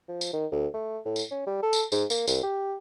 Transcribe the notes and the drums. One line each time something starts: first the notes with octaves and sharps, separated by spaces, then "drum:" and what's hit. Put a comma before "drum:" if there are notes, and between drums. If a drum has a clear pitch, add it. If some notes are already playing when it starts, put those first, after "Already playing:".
F3
drum: tambourine
D#3
D2
A3
A2
drum: tambourine
C#4
G3
A4
drum: tambourine
G#2, drum: tambourine
A#3, drum: tambourine
C2, drum: tambourine
G4